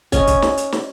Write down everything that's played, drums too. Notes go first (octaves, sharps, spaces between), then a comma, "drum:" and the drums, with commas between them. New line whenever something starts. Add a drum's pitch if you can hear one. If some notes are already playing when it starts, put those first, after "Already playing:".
C#4 D#5, drum: kick, hi-hat
drum: kick, hi-hat
drum: snare
drum: hi-hat
drum: snare